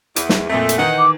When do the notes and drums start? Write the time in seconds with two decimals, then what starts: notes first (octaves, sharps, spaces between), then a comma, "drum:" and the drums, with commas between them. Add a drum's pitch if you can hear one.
0.16 E2, drum: hi-hat
0.29 drum: snare
0.50 F2 A#2 A3
0.69 drum: hi-hat
0.78 D#3 E3 D#4 F#5
0.99 D6